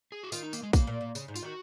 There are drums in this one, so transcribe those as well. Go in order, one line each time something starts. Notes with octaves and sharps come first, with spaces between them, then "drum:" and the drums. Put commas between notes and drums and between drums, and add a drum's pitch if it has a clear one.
G#4
F#4
D#3 F4, drum: tambourine
D#4
A#3, drum: tambourine
G#3
C#3 A#3, drum: kick, tambourine
A#2
A#2
C#3, drum: tambourine
G#2
F4, drum: tambourine
D#3 F#4